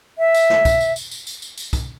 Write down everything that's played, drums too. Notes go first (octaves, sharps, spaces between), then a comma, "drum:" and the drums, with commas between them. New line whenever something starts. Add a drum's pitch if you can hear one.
E5
drum: tambourine
drum: snare
drum: kick, tambourine
drum: tambourine
drum: tambourine
drum: tambourine
drum: tambourine
drum: tambourine
drum: tambourine
drum: kick, tambourine